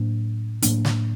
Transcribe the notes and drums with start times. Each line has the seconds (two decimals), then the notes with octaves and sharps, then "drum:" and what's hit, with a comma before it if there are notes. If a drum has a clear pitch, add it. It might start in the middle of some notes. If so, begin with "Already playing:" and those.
Already playing: A2 F#3 A#3 D4
0.62 A2 F#3 A#3 D4, drum: hi-hat
0.85 drum: snare